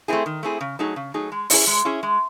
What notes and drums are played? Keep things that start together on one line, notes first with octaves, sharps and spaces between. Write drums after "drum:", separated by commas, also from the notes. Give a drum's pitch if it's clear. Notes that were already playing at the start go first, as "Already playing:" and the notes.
A3 C4 E4 G#4
D#3
A3 C4 E4 G#4
C#3
F#3 A3 D#4 G#4
C#3
F#3 A3 D#4 G#4
G#3
C#4 E4 G#4, drum: open hi-hat
G#3
C#4 E4 G#4
G#3